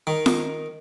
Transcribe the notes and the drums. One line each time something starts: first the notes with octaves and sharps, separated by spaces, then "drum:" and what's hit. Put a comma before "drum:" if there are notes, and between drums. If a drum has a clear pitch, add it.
D#3
drum: snare F4